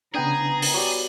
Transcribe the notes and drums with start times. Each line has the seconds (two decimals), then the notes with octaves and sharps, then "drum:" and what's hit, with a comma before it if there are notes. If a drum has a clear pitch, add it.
0.14 C#3 B3 D4 G#4 G5 A#5
0.62 drum: open hi-hat
0.74 F#3 G3